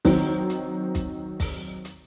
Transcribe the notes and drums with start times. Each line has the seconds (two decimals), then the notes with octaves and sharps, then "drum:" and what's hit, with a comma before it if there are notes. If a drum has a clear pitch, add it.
0.05 D#3 F#3 C4, drum: kick, open hi-hat
0.50 drum: hi-hat
0.95 drum: kick, hi-hat
1.40 drum: kick, open hi-hat
1.85 drum: hi-hat